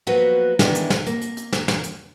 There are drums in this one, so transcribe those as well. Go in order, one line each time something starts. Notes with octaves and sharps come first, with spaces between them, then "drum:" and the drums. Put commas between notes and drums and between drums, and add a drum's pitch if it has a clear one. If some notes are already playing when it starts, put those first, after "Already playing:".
F3 F#3 A#3 B3 F#4 B4
D#3 E3 G#3 B3 D4 E4, drum: snare
drum: hi-hat
drum: snare
A#3, drum: hi-hat
drum: hi-hat
drum: hi-hat
drum: snare
drum: snare
drum: hi-hat